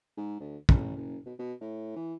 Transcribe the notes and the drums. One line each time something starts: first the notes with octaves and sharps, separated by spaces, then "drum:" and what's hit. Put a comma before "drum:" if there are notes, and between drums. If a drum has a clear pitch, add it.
G#2
D2
A1, drum: kick
F#1
B2
B2
A2
E3